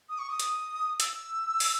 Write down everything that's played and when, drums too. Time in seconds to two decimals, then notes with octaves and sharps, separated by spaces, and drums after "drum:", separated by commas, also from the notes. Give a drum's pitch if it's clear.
0.09 D#6
0.19 C#6
0.29 D#6
0.40 drum: hi-hat
1.00 E6, drum: hi-hat
1.60 drum: open hi-hat